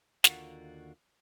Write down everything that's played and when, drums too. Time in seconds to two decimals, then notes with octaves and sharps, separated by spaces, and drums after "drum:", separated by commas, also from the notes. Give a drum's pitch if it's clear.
0.24 D#2 D3 F4 F#4 A#4 F#5, drum: snare